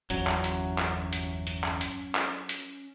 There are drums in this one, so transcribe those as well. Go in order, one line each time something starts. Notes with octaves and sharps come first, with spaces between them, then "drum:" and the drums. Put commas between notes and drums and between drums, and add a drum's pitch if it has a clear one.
G1 E2 F#3 C#4, drum: hi-hat
drum: clap
drum: hi-hat
drum: clap
drum: hi-hat
drum: hi-hat
drum: clap
drum: hi-hat
drum: clap
drum: hi-hat